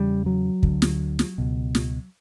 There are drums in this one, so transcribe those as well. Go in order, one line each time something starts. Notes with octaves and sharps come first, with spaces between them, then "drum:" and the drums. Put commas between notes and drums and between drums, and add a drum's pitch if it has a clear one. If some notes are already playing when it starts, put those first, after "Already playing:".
Already playing: E2 C#3 G3
F#3
D2 D3, drum: kick
drum: snare
drum: snare
C#2 B2
drum: snare